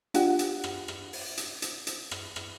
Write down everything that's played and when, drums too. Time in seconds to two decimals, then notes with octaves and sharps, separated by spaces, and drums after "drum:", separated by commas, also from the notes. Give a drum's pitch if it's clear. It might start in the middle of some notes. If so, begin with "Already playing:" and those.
0.14 D4 F4 G4 F#5, drum: hi-hat
0.39 drum: hi-hat
0.64 drum: rim click
0.88 drum: rim click
1.13 drum: open hi-hat
1.37 drum: hi-hat
1.62 drum: hi-hat
1.87 drum: hi-hat
2.11 drum: rim click
2.36 drum: rim click